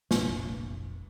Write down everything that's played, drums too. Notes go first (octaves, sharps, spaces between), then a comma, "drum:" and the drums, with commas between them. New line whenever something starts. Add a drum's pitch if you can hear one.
F1 A#1 D4, drum: snare